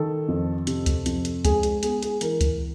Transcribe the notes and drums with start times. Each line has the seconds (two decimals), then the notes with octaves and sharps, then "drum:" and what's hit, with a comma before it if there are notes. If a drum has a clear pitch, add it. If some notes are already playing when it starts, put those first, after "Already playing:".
Already playing: D#3 A4
0.28 F2
0.67 C3, drum: hi-hat
0.86 drum: kick C#2, hi-hat
1.06 F2, drum: hi-hat
1.25 drum: hi-hat
1.45 G#3 G#4, drum: kick C#2, hi-hat
1.63 G#4, drum: hi-hat
1.83 B3 G#4, drum: hi-hat
2.03 G#4, drum: hi-hat
2.21 E3 A#4, drum: hi-hat
2.41 drum: kick C#2, hi-hat